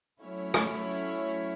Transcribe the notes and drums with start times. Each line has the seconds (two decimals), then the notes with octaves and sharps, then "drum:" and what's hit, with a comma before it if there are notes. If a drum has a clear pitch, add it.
0.20 F#3 A3 C#4 E4 C#5
0.54 drum: rim click